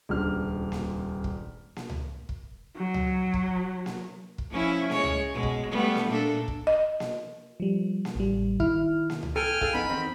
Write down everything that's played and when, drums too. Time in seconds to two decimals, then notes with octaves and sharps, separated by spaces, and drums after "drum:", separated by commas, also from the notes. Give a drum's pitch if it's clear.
0.09 D#1 C#2 D4 F6
0.72 drum: snare A#3
1.24 drum: kick
1.76 drum: snare A#3
1.90 drum: tom C#2
2.29 drum: kick
2.76 F#3
2.94 drum: tom C#2
3.34 drum: kick
3.86 drum: snare A#3
4.38 drum: kick
4.50 F3 C#4 E4
4.90 G#3 C#5, drum: snare A#3
5.04 drum: tom C#2
5.33 B2 G#3
5.43 drum: kick
5.71 G3 A3 B3
5.95 drum: snare A#3
6.10 A#2 D4 A4
6.48 drum: kick
6.67 D#5
7.00 drum: snare A#3
7.60 F3 G3
8.05 drum: snare A#3
8.15 A1 G3
8.60 D#3 E4 F6, drum: kick
9.10 drum: snare A#3
9.23 drum: tom C#2
9.36 A4 G5 G#5 F6
9.61 G#4 A4 F5, drum: kick
9.74 F2 B3 D#4 B5
9.89 E2 D#3 C4